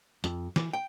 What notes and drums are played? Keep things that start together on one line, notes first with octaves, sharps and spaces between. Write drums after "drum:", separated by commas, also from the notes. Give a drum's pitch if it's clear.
F2, drum: hi-hat
E3, drum: snare
G5